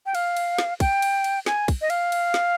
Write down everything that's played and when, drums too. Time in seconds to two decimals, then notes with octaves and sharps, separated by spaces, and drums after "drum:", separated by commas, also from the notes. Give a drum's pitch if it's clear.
0.06 G5
0.15 F5, drum: cymbal
0.37 drum: cymbal
0.58 drum: snare
0.80 G5, drum: kick, cymbal
1.02 drum: cymbal
1.24 drum: cymbal
1.46 G#5, drum: snare
1.68 drum: kick, cymbal
1.81 D#5
1.90 F5, drum: cymbal
2.12 drum: cymbal
2.34 drum: snare